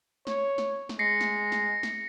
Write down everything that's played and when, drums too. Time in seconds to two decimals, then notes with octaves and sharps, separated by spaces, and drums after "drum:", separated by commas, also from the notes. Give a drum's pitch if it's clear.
0.27 C#5, drum: snare
0.58 drum: snare
0.89 drum: snare
0.99 G#3 A#6 C7 C#7
1.21 drum: snare
1.52 drum: snare
1.83 drum: snare